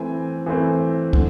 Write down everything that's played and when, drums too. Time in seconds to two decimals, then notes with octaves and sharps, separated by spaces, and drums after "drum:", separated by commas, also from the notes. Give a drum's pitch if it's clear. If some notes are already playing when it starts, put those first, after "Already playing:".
Already playing: E3 A3 C4 G#5
0.46 E3 A3 C4
1.13 D3, drum: kick